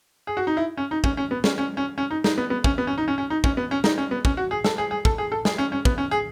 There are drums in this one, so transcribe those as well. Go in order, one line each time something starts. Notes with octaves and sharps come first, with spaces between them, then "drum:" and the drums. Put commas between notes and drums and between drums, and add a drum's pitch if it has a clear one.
G#4
F#4
D#4
E4
C#4
D#4
C#4, drum: kick
C#4
B3
C#4, drum: snare
C#4
C#4
C#4
D#4
D#4, drum: snare
B3
B3
C#4, drum: kick
B3
C#4
D#4
C#4
C#4
D#4
C#4, drum: kick
B3
C#4
D#4, drum: snare
C#4
B3
C#4, drum: kick
F#4
G#4
A4, drum: snare
G#4
G#4
A4, drum: kick
G#4
A4
G#4, drum: snare
C#4
C#4
B3, drum: kick
C#4
G#4